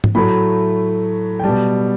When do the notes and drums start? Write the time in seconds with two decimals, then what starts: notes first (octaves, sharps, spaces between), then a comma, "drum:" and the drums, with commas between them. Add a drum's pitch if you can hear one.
0.04 drum: tom G#2
0.15 A2 F#3 A3 B5
1.39 G5
1.44 B2 G3 A5